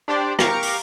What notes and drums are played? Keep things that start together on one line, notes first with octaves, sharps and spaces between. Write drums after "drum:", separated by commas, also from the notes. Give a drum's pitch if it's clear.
D4 G4 C5 D5
G4 A#4 F5 A#5 C#6 D6, drum: rim click
drum: open hi-hat